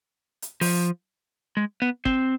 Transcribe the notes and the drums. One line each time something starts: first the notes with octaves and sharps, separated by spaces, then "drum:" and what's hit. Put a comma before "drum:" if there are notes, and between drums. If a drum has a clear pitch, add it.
drum: hi-hat
F3, drum: open hi-hat
G#3
B3
C4, drum: kick